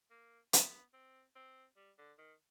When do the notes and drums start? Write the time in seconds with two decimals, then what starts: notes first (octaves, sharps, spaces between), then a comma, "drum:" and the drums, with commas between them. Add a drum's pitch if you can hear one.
0.10 A#3
0.53 B3, drum: hi-hat
0.93 C4
1.36 C4
1.76 G3
1.98 D3
2.18 D#3